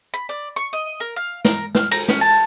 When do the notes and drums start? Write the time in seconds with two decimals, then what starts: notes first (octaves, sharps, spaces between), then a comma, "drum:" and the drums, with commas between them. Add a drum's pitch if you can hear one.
0.14 B5
0.29 D5
0.56 C#6
0.73 D#5
1.00 A#4
1.16 F5
1.45 A#4, drum: snare
1.75 F6, drum: snare
1.91 A#5, drum: cymbal
2.08 C#4, drum: snare
2.21 A5